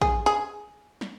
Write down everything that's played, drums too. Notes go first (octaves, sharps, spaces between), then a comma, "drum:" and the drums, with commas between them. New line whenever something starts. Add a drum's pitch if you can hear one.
G#4, drum: kick
G#4
drum: snare